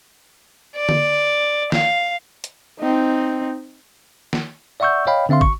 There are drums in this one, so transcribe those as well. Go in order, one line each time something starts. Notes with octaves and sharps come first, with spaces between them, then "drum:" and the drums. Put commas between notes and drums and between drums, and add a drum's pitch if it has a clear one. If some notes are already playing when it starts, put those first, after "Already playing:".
D5
drum: tom D3
F5, drum: snare
drum: hi-hat
C4 D#4
drum: snare
D5 E5 F#5 C#6 E6 G6
C#5 D#5 F5 G5 B5
D3 C4 E5 F5 C6
G#1 C#6, drum: kick